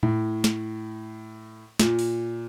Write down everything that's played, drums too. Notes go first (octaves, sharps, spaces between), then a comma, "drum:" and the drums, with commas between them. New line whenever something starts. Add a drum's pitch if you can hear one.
A2, drum: tom A2
drum: snare
A#2, drum: snare
drum: open hi-hat